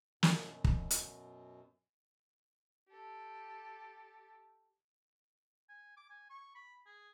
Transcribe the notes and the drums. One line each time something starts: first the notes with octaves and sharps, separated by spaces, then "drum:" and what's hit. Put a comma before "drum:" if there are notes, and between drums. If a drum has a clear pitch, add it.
F#2 B2, drum: snare
drum: kick
drum: hi-hat
G4 A4
G#5
D6
G#5
C#6
B5
G#4